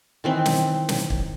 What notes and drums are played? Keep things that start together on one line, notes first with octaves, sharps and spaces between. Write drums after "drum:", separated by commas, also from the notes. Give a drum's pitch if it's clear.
D#3 E3 C4
drum: snare
drum: snare
drum: kick